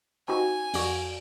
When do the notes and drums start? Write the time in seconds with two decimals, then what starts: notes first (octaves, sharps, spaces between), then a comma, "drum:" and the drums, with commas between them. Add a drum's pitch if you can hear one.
0.28 C4 D#4 F#4 G#5
0.74 F2 F#4, drum: open hi-hat